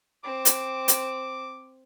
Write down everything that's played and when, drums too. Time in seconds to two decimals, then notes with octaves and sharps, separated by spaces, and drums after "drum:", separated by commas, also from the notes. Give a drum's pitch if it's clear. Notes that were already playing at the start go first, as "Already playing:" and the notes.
0.24 C4 D6
0.45 drum: hi-hat
0.88 drum: hi-hat